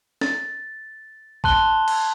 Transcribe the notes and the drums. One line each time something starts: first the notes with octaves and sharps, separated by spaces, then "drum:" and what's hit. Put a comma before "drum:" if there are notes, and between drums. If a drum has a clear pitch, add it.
A6, drum: snare
A5 C6 F#6 G7, drum: kick G#1
drum: cymbal